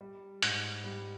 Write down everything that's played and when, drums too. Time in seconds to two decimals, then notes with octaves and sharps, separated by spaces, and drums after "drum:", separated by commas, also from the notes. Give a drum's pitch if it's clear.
0.01 G3
0.42 G#2, drum: hi-hat
0.84 G3